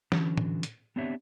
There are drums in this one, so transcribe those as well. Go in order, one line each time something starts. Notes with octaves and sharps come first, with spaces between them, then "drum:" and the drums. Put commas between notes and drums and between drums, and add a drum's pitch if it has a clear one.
D3 E3 F#3 C#4, drum: snare
drum: tom A2
drum: hi-hat
B3 C4 D4 G4 C#5 E5